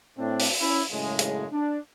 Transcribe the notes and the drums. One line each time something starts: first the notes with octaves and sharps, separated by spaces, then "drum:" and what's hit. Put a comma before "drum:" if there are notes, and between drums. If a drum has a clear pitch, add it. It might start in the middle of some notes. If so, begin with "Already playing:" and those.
A2 C4 D4
drum: open hi-hat
C#4 E4
F#2 A2 C#3 G#3
drum: hi-hat
D4